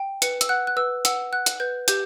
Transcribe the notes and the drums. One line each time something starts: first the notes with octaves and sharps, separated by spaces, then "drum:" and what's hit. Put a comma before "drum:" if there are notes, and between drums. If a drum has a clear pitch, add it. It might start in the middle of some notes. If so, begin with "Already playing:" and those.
Already playing: G5
B4 C#7, drum: hi-hat
E6, drum: hi-hat
F#5 F#6
F#6
B4 E6
F#5 E6, drum: hi-hat
F#5 F#6
drum: hi-hat
B4 G6
G4 G6, drum: hi-hat